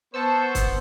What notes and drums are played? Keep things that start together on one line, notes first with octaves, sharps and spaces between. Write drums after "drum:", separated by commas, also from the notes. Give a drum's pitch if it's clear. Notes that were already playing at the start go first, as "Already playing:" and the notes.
B3 C5 A5 C#6 E6
drum: kick, hi-hat